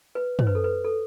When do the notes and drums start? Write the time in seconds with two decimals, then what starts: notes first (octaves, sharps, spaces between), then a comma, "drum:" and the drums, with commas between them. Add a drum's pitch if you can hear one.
0.15 B4
0.39 C5, drum: tom
0.47 B4
0.55 A4
0.64 B4
0.84 A4